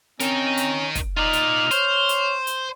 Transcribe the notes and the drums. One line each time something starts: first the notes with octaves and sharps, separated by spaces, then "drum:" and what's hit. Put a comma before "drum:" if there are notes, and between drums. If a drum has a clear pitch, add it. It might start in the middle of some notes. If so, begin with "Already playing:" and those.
C4 C#4 D#4 A#4, drum: hi-hat
drum: hi-hat
drum: kick, hi-hat
D#4 F4 D5 F6
drum: hi-hat
C5 C#5, drum: hi-hat
drum: hi-hat
drum: hi-hat